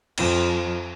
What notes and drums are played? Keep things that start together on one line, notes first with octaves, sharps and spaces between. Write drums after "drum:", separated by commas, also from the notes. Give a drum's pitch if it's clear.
F2 F3, drum: cymbal